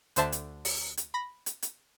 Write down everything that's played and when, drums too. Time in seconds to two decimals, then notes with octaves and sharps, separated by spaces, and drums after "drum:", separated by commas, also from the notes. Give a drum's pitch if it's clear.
0.16 D2 D3 C5 E5 A5 C7, drum: hi-hat
0.32 drum: hi-hat
0.65 drum: open hi-hat
0.97 drum: hi-hat
1.14 B5 A#6
1.46 drum: hi-hat
1.62 drum: hi-hat